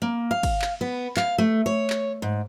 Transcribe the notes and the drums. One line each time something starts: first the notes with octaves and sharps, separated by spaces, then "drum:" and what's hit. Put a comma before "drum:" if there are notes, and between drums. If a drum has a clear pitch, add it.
A#3
F5
drum: kick, cymbal
drum: clap
B3
F5, drum: clap
A3
C#5
drum: clap
G#2